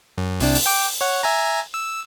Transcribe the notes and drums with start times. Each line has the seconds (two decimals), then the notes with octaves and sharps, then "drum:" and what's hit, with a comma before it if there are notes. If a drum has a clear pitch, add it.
0.18 F#2
0.40 C2 C3 D4, drum: open hi-hat
0.55 drum: open hi-hat
0.66 G5 D6
1.01 C#5 F#5
1.23 E5 G#5 A#5
1.74 E6